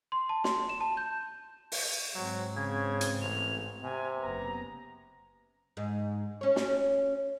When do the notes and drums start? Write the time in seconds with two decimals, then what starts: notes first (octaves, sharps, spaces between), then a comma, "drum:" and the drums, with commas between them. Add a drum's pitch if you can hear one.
0.12 C6
0.29 A5
0.44 C6, drum: snare
0.69 E7
0.81 A5
0.97 G6
1.72 drum: open hi-hat
2.15 G#2 F#3 C4
2.56 C#3 G#6
3.01 drum: hi-hat
3.21 A1 F7
3.83 C3 G#5
4.20 F#1 B3 A#5
5.77 G#2
6.41 C#4 C#5
6.56 drum: snare